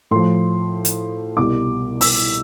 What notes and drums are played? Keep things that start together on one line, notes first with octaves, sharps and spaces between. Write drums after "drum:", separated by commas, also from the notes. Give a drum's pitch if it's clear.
A2 F3 C6
drum: hi-hat
C2 B2 G3 D6
E6, drum: open hi-hat